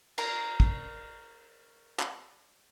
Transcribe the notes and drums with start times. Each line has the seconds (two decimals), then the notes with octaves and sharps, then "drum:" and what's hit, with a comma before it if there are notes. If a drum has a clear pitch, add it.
0.18 A#4 A#5, drum: cymbal
0.60 drum: kick
2.00 drum: clap